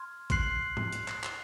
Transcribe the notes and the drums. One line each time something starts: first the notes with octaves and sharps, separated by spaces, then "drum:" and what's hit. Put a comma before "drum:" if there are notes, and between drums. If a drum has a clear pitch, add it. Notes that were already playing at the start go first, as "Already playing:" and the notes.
Already playing: C6 F6 G#6
C6 F#6 C7 F#7, drum: kick A1, hi-hat
drum: tom
drum: hi-hat
drum: clap
drum: clap